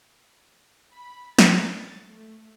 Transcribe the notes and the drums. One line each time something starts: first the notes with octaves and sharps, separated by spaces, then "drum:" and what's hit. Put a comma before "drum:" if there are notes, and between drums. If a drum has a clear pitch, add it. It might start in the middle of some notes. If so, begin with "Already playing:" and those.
B5
A6, drum: snare
A3